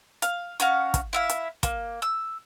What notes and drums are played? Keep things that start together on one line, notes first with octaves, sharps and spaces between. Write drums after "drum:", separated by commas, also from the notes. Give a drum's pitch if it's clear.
F5, drum: hi-hat
C#4 F#4 F5, drum: hi-hat
drum: kick, hi-hat
E4 E5 F5
drum: hi-hat
A#3, drum: kick, hi-hat
E6